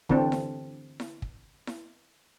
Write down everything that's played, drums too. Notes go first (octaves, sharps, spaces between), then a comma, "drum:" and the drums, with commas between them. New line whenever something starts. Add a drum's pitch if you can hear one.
D3 E3 C4 D4, drum: kick
drum: snare E4
drum: snare E4
drum: kick
drum: snare E4